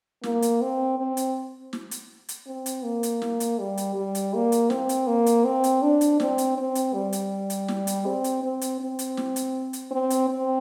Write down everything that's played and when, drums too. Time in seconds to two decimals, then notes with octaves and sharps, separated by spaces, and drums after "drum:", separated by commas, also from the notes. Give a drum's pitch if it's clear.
0.23 A#3, drum: snare
0.42 drum: hi-hat
0.61 C4
0.99 C4
1.17 drum: hi-hat
1.73 drum: snare
1.91 drum: hi-hat
2.29 drum: hi-hat
2.47 C4
2.66 drum: hi-hat
2.84 A#3
3.03 drum: hi-hat
3.22 drum: snare
3.40 drum: hi-hat
3.59 G3
3.77 drum: hi-hat
3.96 G3
4.15 drum: hi-hat
4.34 A#3
4.52 drum: hi-hat
4.70 C4, drum: snare
4.89 drum: hi-hat
5.07 A#3
5.26 drum: hi-hat
5.45 C4
5.64 drum: hi-hat
5.82 D4
6.01 drum: hi-hat
6.20 C4, drum: snare
6.38 drum: hi-hat
6.57 C4
6.75 drum: hi-hat
6.94 G3
7.13 drum: hi-hat
7.50 drum: hi-hat
7.68 drum: snare
7.87 drum: hi-hat
8.06 C4
8.24 drum: hi-hat
8.43 C4
8.61 drum: hi-hat
8.80 C4
8.99 drum: hi-hat
9.17 drum: snare
9.36 drum: hi-hat
9.73 drum: hi-hat
9.91 C4
10.10 drum: hi-hat
10.29 C4